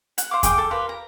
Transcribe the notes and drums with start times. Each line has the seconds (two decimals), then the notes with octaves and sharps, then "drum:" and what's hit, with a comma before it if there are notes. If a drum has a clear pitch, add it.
0.18 F#5, drum: hi-hat
0.31 C5 F5 D6
0.43 G#4 G5 D6, drum: kick E2, hi-hat
0.58 A4
0.71 F4 G4 A#4 B4
0.89 A#5